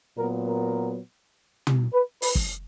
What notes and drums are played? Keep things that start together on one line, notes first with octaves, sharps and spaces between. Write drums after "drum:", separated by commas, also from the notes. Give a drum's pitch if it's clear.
A#2 F#3 B3 A#4
A#4
drum: tom
B4
B4, drum: open hi-hat
drum: kick